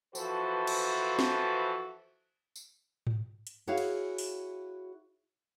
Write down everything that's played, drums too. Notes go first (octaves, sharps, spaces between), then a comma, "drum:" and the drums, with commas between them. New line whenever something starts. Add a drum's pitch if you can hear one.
E3 F3 F#4 A4 B4 C5, drum: tambourine
drum: cymbal
drum: snare
drum: tambourine
drum: tom G#2
drum: hi-hat
E4 F#4 G#4 C#5 E5 F5
drum: cymbal
drum: open hi-hat